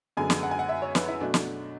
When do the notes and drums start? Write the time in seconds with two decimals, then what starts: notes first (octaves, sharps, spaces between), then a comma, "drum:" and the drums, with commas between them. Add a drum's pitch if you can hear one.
0.17 F#2 D3 G#3 B3 G#5
0.30 drum: snare
0.43 F#5
0.51 G#5
0.59 F#5
0.69 E5
0.82 C#5
0.95 B4, drum: snare
1.08 E4
1.20 B2 F#3 A3 D4
1.34 drum: snare